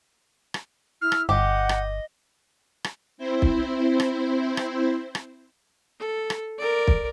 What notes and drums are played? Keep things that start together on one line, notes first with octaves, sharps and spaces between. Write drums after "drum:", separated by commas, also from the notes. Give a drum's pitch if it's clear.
drum: rim click
E4 F6
drum: rim click
G1 G4 D#5 F#5
drum: rim click
drum: rim click
C4 E4 C5
drum: kick
drum: rim click
drum: rim click
drum: rim click
A4
drum: rim click
A#4 D5
drum: kick